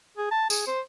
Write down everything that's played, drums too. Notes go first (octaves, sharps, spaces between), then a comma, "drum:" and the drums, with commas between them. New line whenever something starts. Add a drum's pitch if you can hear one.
G#4
A5
G#4, drum: tambourine
C5